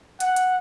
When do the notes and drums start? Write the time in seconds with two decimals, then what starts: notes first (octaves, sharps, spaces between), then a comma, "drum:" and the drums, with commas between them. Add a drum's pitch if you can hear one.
0.20 F#5, drum: hi-hat
0.36 drum: hi-hat